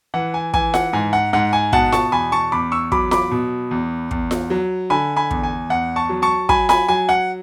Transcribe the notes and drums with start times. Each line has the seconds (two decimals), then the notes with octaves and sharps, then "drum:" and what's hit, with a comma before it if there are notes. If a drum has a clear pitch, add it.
0.14 E3 F#5
0.34 G#5
0.54 E3 G#5, drum: kick
0.74 F#5, drum: snare F4
0.93 G#2 G#5
1.13 F#5
1.33 G#2 F#5
1.53 G#5
1.73 B2 F#5 A5, drum: kick
1.92 A5 C#6, drum: snare F4
2.12 E2 G#5 B5
2.32 A5 C#6
2.52 E2 B5 D6
2.72 C#6 E6
2.92 F#3 B5 D6, drum: kick
3.11 B5 D6, drum: snare F4
3.31 B2
3.71 E2
4.11 E2, drum: kick
4.31 drum: snare F4
4.50 F#3
4.90 D3 G#5 B5
5.16 G#5 B5
5.31 E2, drum: kick
5.43 G#5
5.70 E2 F#5
5.96 A5 C#6
6.09 F#3
6.22 A5 C#6
6.49 F#3 G#5 B5, drum: kick
6.69 G#5 B5, drum: snare F4
6.88 F#3 G#5
7.09 F#5